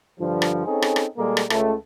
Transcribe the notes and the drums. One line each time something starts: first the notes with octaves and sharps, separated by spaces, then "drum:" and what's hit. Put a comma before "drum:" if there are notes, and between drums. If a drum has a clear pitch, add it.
G2 D3 F3
drum: rim click
C4 C#4 D#4 G#4 A4
drum: rim click
drum: rim click
A#2 G3 G#3 A#3 A4
drum: rim click
C#2 A3, drum: rim click